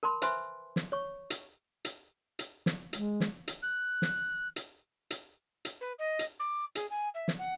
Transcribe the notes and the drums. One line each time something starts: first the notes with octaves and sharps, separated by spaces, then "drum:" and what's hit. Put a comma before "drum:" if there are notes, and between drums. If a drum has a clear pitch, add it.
A#4 A5 B5 C6
B4 C5 E5 G#5 B5 C6, drum: hi-hat
drum: snare
C#5 C#6
drum: hi-hat
drum: hi-hat
drum: hi-hat
drum: snare
G#3, drum: hi-hat
drum: snare
drum: hi-hat
F#6
drum: snare
drum: hi-hat
drum: hi-hat
drum: hi-hat
B4
D#5
drum: hi-hat
D6
G#4, drum: hi-hat
G#5
E5
drum: snare
F#5